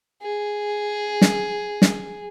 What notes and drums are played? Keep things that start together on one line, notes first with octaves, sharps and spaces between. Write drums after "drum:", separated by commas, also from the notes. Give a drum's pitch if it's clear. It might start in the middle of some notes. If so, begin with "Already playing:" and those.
G#4
drum: snare
drum: snare